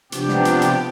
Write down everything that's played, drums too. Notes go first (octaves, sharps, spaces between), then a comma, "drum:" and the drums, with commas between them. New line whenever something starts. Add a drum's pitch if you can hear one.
C3 F3 B3 D4 G4, drum: hi-hat
drum: snare
drum: hi-hat
drum: hi-hat